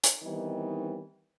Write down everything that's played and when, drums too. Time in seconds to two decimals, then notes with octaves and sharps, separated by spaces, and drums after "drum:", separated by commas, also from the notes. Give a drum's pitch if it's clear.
0.04 drum: hi-hat
0.23 D#3 E3 G3 B3 C4 D#4